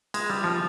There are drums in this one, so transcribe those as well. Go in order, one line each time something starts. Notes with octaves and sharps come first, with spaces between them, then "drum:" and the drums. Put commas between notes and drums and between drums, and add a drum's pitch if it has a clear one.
G#3, drum: cymbal
G3
F3